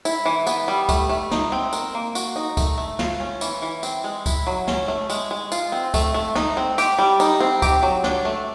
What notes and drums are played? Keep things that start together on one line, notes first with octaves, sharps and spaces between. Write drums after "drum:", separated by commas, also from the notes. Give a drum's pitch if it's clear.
E4, drum: tambourine
E3
B3, drum: tambourine
G3
A3, drum: kick C#2, tambourine
A3
D#4, drum: snare
C4
A#4, drum: tambourine
A#3
F#4, drum: tambourine
D#4
A3, drum: kick C#2, tambourine
A3
F4, drum: snare
C#4
E3, drum: tambourine
E3
C4, drum: tambourine
G#3
E4, drum: kick C#2, tambourine
F#3
C#4, drum: snare
A3
G#3, drum: tambourine
G#3
F4, drum: tambourine
C4
A3, drum: kick C#2, tambourine
A3
D#4, drum: snare
C4
G4, drum: tambourine
G3
D#4, drum: tambourine
C4
G4, drum: kick C#2, tambourine
F#3
D4, drum: snare
A3